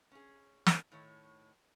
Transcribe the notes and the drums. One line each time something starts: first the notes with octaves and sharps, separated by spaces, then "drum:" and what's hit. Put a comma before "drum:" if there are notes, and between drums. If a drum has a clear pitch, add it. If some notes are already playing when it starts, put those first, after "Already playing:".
C#4 G#4
drum: snare
A2 D#3 C#5